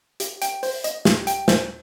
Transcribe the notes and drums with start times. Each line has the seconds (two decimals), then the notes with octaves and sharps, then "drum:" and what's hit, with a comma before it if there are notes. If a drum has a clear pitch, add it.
0.20 G4, drum: hi-hat
0.42 G5, drum: hi-hat
0.63 C5, drum: open hi-hat
0.84 D#5, drum: hi-hat
1.05 G4, drum: snare
1.27 G5, drum: hi-hat
1.48 C5, drum: snare